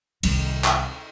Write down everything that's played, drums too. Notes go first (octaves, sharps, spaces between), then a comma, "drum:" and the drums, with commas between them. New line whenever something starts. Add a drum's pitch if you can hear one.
C2 D#3, drum: cymbal
drum: clap